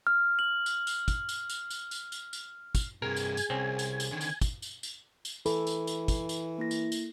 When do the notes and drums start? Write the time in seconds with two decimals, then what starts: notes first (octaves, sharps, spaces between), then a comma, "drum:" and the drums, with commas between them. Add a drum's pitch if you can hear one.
0.07 F6
0.39 F#7
0.66 drum: tambourine
0.87 drum: tambourine
1.08 drum: kick, tambourine
1.29 drum: tambourine
1.50 drum: tambourine
1.70 drum: tambourine
1.91 drum: tambourine
2.12 drum: tambourine
2.33 drum: tambourine
2.75 drum: kick, tambourine
3.02 G2 C3 G#4 A#4 G#5
3.16 drum: tambourine
3.37 drum: tambourine
3.50 C2 C4 C#4
3.79 drum: tambourine
4.00 drum: tambourine
4.11 D3 D#3
4.21 drum: tambourine
4.41 drum: kick, tambourine
4.62 drum: tambourine
4.83 drum: tambourine
5.25 drum: tambourine
5.46 E3 A4 B5, drum: tambourine
5.67 drum: tambourine
5.87 drum: tambourine
6.08 drum: kick, tambourine
6.29 drum: tambourine
6.58 A#3 E4 A#6
6.71 drum: tambourine
6.92 drum: tambourine